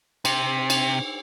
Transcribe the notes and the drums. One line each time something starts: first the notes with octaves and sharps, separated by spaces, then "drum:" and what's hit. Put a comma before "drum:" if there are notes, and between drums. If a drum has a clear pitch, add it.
C3, drum: cymbal
drum: cymbal